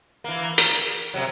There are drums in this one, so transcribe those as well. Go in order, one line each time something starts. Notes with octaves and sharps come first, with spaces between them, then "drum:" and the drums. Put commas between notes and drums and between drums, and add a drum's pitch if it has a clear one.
E3 A#3
A#4, drum: hi-hat
C3 F#3